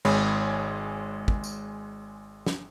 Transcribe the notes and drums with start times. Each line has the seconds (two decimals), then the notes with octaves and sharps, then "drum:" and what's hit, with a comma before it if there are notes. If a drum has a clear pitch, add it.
0.05 G#1 G#3 G#4 C#5 B5, drum: cymbal
1.28 drum: kick
1.44 drum: tambourine
2.46 drum: snare